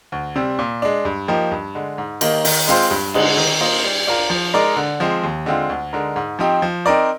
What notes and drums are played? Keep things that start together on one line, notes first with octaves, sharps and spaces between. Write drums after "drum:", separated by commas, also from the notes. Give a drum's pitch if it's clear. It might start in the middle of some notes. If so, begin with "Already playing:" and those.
D2
C3 G3 C4
A#2
G#3 D4
G2
F3 A#3 D#4 G4
G2
D3 G#3
G#2
D#3 A#3 D#4, drum: cymbal
D#3, drum: open hi-hat
G#3 C4 F4 C5
G2
D3 G#3 D#4, drum: cymbal
D#3
A#3 F4 C5 D#5
G3
D4 F4 A#4
F3
G#3 D#4 A#4 D5
D3
F3 G#3 C4
D#2
D3 G#3 C4 F4
D2
D3 G#3 D#4 A#4
G#2
F3 C4 D#4 G4
F3
C4 D#4 A#4 D5